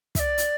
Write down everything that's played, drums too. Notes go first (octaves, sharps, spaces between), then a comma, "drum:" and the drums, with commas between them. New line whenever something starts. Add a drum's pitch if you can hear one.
E5, drum: kick, hi-hat
D5
drum: hi-hat